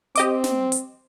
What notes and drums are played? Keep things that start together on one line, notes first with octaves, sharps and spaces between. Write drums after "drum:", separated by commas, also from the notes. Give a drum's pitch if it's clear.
C4 G4 D#5 D6, drum: hi-hat
drum: snare
drum: hi-hat